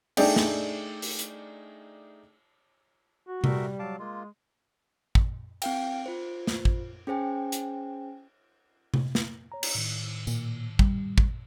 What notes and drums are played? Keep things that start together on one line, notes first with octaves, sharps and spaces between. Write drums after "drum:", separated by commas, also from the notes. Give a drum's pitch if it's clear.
A3 D4 D#4 G#4 D5 G5, drum: cymbal
drum: snare
drum: open hi-hat
drum: hi-hat
F#4
G3 A3 A#4 E5, drum: tom C3
F#3 F5 A5 D6
G#3 A#3 F4
drum: kick
C4 F5 G5, drum: cymbal
F4 C5
drum: snare
drum: kick
C#4 G#4 C5 G5 G#5
drum: hi-hat
drum: tom C3
drum: snare
C#5 A#5
drum: cymbal
A2 D#3
A#2, drum: tambourine
G3, drum: kick
drum: kick